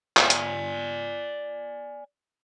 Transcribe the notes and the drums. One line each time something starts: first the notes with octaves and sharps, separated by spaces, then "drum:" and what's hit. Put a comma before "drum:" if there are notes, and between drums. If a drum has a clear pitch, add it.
D5 G#5, drum: clap
drum: hi-hat